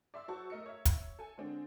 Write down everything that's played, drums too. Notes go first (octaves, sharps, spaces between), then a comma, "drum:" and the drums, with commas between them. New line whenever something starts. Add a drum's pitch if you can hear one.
D5 E5 C6 E6
F#3 F#4 C5 A5 C#6
A3 A#4 D#5 E6 C#7
C#5 E5
drum: kick, hi-hat
A4 G#5
D3 G#3 C4 D4